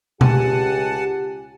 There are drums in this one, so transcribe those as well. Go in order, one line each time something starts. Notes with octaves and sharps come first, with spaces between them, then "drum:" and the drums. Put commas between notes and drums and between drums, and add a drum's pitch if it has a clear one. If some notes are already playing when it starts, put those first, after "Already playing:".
C#2 G4 F#5 G#5 A5, drum: tom B2